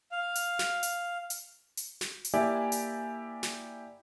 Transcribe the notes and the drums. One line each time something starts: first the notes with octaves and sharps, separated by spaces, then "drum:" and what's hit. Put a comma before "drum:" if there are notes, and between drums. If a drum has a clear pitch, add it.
F5
drum: hi-hat
drum: snare
drum: hi-hat
drum: hi-hat
drum: hi-hat
drum: snare
drum: hi-hat
A#3 E4 G4 D5 E5 G#5
drum: hi-hat
drum: snare